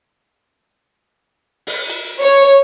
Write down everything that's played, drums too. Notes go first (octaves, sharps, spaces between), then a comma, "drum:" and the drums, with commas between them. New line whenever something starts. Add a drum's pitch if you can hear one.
drum: open hi-hat
drum: cymbal
C#5